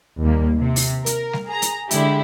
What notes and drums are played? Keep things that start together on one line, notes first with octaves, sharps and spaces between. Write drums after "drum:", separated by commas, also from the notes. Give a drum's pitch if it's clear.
D#2 G3 A#3
C3
drum: open hi-hat
A#4, drum: hi-hat
drum: snare G3
G#4 A#5
drum: hi-hat
D3 G#3 E4 G4, drum: hi-hat